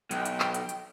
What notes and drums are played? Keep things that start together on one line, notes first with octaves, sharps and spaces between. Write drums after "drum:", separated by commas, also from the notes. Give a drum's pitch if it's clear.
B1 G5, drum: hi-hat
drum: hi-hat
drum: clap
drum: hi-hat
drum: hi-hat